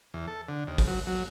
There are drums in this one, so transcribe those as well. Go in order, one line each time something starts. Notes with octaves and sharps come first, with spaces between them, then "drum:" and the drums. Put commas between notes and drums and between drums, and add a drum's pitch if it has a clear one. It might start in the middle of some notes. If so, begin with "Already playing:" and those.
E2
A4
D3
D#2
drum: kick, open hi-hat
F#3
F#3